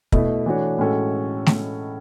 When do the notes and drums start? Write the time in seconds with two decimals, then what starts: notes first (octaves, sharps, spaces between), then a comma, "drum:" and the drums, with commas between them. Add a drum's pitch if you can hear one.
0.12 B2 A3 E4, drum: kick
0.46 E3 A3 D4 F#4 C#5
0.79 A2 G#3 C#4 F#4 A4
1.46 drum: snare A3